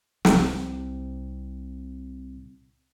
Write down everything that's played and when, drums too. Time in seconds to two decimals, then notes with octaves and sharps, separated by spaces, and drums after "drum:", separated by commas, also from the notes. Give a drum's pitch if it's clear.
0.25 C2 C3, drum: snare